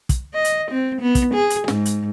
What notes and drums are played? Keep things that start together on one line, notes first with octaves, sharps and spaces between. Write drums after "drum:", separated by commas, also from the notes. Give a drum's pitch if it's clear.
drum: kick, hi-hat
D#5
drum: hi-hat
C4
B3
drum: kick, hi-hat
G#4
drum: hi-hat
G#2, drum: snare
drum: hi-hat